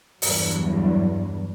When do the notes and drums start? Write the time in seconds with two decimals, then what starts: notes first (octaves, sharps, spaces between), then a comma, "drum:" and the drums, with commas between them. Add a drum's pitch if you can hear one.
0.22 E2 G2 F#3, drum: open hi-hat